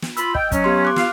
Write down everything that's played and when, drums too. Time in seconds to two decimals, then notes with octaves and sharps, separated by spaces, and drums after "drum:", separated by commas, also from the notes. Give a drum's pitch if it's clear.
0.02 drum: snare
0.17 F4 B5 E6, drum: hi-hat
0.35 D#5 G5, drum: kick
0.52 F#3 C#4, drum: kick, hi-hat
0.64 B3 G4 C6
0.85 D6 F#6
0.96 F4 F5, drum: snare